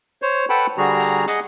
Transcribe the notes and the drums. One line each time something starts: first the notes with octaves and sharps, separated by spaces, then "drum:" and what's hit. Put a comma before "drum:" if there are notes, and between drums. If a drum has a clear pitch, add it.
C5 C#5
A4 B4 F#5 G5 A5 B5
D3 G3 F#4 G#4 A#5
drum: open hi-hat
G#4 D#5 F#5, drum: hi-hat